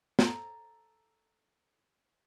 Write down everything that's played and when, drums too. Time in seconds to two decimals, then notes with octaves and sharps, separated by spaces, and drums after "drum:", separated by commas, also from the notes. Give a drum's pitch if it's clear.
0.19 A4 A#5, drum: snare